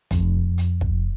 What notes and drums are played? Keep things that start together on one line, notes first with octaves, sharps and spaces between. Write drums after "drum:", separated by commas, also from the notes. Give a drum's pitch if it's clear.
F2, drum: kick, hi-hat
drum: hi-hat
drum: kick